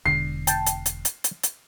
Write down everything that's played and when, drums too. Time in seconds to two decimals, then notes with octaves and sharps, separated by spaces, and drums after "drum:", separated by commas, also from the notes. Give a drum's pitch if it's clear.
0.06 E1 D3 C7
0.47 G5 A5, drum: hi-hat
0.66 drum: hi-hat
0.86 drum: hi-hat
1.05 drum: hi-hat
1.24 drum: hi-hat
1.43 drum: hi-hat